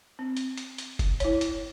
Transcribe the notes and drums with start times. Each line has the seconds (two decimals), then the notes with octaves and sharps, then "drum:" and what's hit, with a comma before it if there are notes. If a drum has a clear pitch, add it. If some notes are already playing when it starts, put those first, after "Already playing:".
0.19 C4
0.37 drum: hi-hat
0.57 drum: hi-hat
0.78 drum: hi-hat
0.99 drum: kick F1, hi-hat
1.20 E4 C#5, drum: hi-hat
1.41 drum: hi-hat